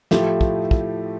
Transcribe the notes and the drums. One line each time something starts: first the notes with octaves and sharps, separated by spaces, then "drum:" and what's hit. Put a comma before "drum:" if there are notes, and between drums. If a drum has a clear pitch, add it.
A2 F3 A3 E4 G4, drum: snare
drum: kick
drum: kick